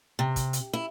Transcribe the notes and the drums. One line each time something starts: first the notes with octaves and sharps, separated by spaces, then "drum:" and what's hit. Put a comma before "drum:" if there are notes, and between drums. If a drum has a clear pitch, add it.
C3
drum: kick, hi-hat
drum: hi-hat
E4